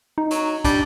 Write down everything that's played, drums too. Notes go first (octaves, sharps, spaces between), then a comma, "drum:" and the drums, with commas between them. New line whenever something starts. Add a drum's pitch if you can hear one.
D#4
F#3, drum: hi-hat
G3 D4, drum: kick, hi-hat